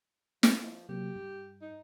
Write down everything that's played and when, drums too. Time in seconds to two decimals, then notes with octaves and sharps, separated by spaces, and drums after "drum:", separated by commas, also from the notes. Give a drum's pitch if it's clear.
0.43 F3, drum: snare
0.89 C3 F#3 A#3 G4
1.16 G2
1.62 D#4